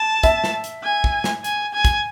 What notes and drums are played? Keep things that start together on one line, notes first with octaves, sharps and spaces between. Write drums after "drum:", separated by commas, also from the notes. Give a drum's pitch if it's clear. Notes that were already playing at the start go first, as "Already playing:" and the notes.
Already playing: A5
E5, drum: kick, hi-hat
drum: snare
drum: hi-hat
G#5
drum: kick
drum: snare
G#5, drum: hi-hat
G#5
drum: kick, hi-hat